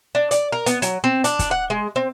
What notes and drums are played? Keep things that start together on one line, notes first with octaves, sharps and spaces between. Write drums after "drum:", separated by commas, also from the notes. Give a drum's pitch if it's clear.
D4
D5, drum: hi-hat
A#4
B3, drum: hi-hat
F#3, drum: hi-hat
C4
D4, drum: hi-hat
drum: kick, hi-hat
F#5
G#3
C4